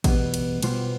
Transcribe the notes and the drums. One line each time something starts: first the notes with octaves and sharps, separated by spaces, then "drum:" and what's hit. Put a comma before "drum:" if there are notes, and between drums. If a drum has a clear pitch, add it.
E2 B2 G3 B3, drum: kick A1, cymbal
drum: cymbal
B2 G3 B3 F4 C5, drum: cymbal